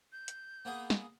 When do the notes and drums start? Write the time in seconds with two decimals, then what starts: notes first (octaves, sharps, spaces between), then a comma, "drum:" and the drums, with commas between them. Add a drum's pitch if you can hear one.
0.12 G6
0.28 drum: hi-hat
0.65 A#3 B3 G#4
0.90 drum: snare